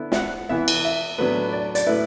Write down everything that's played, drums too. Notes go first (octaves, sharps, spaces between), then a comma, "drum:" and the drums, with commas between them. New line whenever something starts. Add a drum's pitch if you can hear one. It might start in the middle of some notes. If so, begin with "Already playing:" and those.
Already playing: D3 B3 E4
E5, drum: snare
F#5
E3 B3 E4 E5
drum: cymbal
E5
A2 F#3 B3 D4 B4
D5
D5, drum: hi-hat
A2 A3 E4 B4